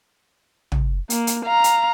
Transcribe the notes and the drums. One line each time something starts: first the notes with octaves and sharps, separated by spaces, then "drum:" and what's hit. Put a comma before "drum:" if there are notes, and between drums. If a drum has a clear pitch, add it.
drum: tom
A#3, drum: hi-hat
drum: hi-hat
F5 A#5
drum: hi-hat